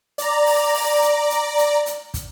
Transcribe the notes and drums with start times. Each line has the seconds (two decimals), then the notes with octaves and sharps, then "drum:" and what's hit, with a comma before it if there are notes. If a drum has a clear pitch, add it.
0.18 D5 A#5, drum: hi-hat
0.46 drum: open hi-hat
0.74 drum: open hi-hat
1.02 drum: hi-hat
1.30 drum: hi-hat
1.58 drum: hi-hat
1.86 drum: hi-hat
2.14 drum: kick, hi-hat